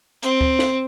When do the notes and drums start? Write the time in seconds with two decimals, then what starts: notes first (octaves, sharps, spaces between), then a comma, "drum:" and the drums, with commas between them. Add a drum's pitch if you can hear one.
0.23 C4, drum: hi-hat
0.41 drum: kick D2
0.59 drum: snare